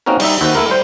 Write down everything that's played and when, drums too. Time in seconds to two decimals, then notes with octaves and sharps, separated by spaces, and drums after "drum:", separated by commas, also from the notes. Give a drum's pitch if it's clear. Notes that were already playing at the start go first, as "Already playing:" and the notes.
0.06 A#3 C4 C#4 D#4 F#4 A#4
0.20 G3 D#4 E5, drum: cymbal
0.41 D#2 F#4 C5 E5
0.55 A3 E4 A#4
0.69 G3 C5